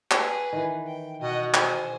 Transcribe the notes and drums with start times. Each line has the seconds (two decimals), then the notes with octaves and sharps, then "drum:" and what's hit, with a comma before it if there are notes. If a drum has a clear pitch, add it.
0.11 G#4 B4, drum: clap
0.53 D#3 E3
0.87 G5
1.21 B2 D#5 F#5
1.54 G#4 C5, drum: clap